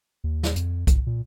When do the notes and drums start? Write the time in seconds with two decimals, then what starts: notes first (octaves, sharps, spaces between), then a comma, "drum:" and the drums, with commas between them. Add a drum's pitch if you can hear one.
0.24 D#2
0.43 drum: snare
0.56 F2, drum: hi-hat
0.87 G1, drum: kick C2, hi-hat
1.07 A#2